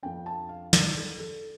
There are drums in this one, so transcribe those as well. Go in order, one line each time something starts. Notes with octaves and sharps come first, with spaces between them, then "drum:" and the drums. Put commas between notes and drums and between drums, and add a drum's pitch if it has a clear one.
F2 F3 D4 G5
A5
F5
D5, drum: snare
A4
A4